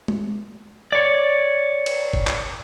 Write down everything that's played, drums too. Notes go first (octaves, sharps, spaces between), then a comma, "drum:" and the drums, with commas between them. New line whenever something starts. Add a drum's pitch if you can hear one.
drum: tom G#3
C#5 D5
drum: cymbal
drum: kick G1
drum: clap